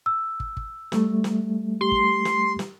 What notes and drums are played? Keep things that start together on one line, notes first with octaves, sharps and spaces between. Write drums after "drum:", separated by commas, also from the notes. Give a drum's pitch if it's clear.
E6
drum: kick
drum: kick
G3 A3, drum: snare
drum: snare
G4 C6
drum: kick
drum: snare
drum: snare